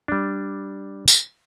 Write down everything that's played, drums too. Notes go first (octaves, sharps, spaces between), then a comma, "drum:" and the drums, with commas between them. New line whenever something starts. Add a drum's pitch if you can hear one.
G3 D4
drum: tambourine